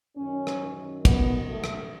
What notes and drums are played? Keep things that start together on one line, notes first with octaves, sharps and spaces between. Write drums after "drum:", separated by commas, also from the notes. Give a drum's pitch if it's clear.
F#2 D#3 C#4
drum: rim click
B3, drum: kick, cymbal
A3
drum: rim click